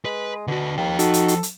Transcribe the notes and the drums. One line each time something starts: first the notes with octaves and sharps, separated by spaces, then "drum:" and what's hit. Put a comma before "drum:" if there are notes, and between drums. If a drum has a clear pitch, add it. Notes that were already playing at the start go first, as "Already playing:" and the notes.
G#3 B4
B2 D3 F#4
D#2 F3 G5
D#4 F#4 A4, drum: hi-hat
drum: hi-hat
drum: hi-hat
drum: hi-hat